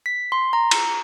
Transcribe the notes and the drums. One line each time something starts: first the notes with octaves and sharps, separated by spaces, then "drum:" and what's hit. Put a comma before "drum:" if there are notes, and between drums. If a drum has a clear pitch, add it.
B6
C6
A#5
drum: cymbal